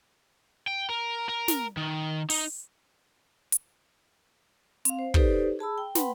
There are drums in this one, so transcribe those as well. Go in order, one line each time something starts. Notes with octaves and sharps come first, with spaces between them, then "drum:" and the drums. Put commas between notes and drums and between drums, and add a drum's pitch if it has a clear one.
G5
A#4
A#4
drum: snare
D#3
D#4, drum: open hi-hat
drum: hi-hat
C4 F5, drum: hi-hat
C5
D#4 G4 A4 B4 C5 D5, drum: kick
G#4 A5 B5 E6
G5
B4 F#5 G5 B5 C6, drum: snare